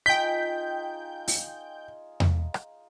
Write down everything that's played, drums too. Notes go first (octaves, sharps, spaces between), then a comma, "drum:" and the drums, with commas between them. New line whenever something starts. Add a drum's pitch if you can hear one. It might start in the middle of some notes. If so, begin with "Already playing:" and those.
D#4 F4 G#4 G5 G6 B6
drum: open hi-hat
drum: tom E2
drum: rim click